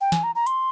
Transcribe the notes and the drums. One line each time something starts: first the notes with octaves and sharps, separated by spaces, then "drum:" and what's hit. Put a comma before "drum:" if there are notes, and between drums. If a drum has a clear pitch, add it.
G5
G#5, drum: snare
A#5
A#5
C6, drum: hi-hat